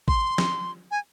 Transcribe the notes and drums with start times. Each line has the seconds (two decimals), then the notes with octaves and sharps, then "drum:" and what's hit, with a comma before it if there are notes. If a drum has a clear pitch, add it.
0.08 C6, drum: kick G#1
0.38 drum: snare
0.91 G#5